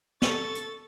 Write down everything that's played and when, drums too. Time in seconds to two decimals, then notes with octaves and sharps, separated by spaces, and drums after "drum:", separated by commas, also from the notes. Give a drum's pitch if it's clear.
0.22 A4 C#6 A6, drum: snare
0.55 drum: hi-hat